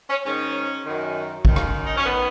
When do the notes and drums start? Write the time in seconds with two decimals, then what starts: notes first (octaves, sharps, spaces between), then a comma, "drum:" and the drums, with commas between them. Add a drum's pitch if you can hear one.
0.09 C#4
0.24 G#2 D#3 C#4
0.84 F#2 D#3
1.45 F#2 D#3, drum: kick
1.56 drum: rim click
1.85 D#4
1.96 C#4
2.05 D#3 B3